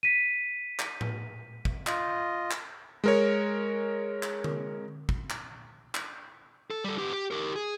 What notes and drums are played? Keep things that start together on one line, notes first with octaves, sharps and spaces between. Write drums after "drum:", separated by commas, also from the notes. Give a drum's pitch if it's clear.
B6 D#7
drum: clap
drum: tom A2
drum: kick
F4 D#5, drum: clap
drum: clap
G#3 A#4 C#5
drum: clap
drum: tom D3
drum: kick
drum: clap
drum: clap
A4
G3 A4
B3 G4
G4
G4 A#4
G#4